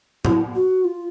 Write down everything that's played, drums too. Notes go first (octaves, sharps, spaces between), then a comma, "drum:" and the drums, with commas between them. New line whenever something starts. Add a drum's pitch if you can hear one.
E4, drum: tom A2
F#4
F4